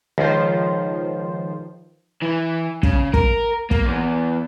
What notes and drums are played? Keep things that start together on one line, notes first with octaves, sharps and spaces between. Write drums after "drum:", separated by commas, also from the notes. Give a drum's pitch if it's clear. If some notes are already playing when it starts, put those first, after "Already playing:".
C#2 D#3 F3 C5
E3
C#3, drum: kick
A#4, drum: kick
A#3, drum: kick
E2